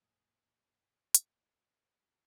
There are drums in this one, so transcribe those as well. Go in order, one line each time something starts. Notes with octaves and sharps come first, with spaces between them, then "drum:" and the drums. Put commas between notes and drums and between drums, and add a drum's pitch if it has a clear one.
C#2 F#2 A#2 A#3 G#5 D#6
drum: hi-hat